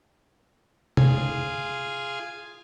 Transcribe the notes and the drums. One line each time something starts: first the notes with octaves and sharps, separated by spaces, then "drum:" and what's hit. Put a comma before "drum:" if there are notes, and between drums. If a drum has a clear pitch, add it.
F4 G#4, drum: tom